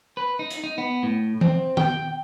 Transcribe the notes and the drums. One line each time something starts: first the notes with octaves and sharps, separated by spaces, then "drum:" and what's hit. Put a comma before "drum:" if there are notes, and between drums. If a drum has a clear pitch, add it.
B4
D#4
drum: hi-hat
D#4
B3
A2
C4, drum: tom E3
G5, drum: tom D#3